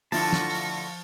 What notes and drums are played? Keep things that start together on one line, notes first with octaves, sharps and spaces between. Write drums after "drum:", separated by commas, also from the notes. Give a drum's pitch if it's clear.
D3 F3 A3 E4 F5 A5 C#6 A#6, drum: open hi-hat
drum: snare
drum: open hi-hat